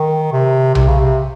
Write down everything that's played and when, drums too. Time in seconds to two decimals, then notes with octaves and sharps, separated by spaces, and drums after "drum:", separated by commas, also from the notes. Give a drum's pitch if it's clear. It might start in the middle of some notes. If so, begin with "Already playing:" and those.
Already playing: D#3
0.32 C3
0.75 C3, drum: tom B1
0.87 C#3
0.98 C3